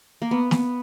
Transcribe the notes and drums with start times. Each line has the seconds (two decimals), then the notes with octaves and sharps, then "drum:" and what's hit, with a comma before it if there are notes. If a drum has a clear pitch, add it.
0.22 A#3
0.31 B3
0.51 B3, drum: snare